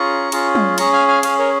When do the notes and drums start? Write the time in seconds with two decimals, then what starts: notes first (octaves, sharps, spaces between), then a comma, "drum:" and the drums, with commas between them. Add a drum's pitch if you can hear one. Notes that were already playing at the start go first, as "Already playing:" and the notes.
Already playing: C#4 F4 G#4 A#5 C#6
0.32 C#4 F4 G#4, drum: cymbal
0.55 drum: tom F#3
0.78 C#4 G#4 A#5 C#6, drum: cymbal
0.93 F5 G#5
1.08 F5 G#5
1.23 C#4 G#4 F5 G#5, drum: cymbal
1.39 A#4 C#5